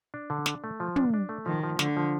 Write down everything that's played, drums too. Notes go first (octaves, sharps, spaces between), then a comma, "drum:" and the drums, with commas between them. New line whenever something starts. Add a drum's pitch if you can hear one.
D4
D3
D4, drum: snare
A3
F3
D4, drum: tom
D4
A3
D#3 F3
F3
D3 A3, drum: snare
F3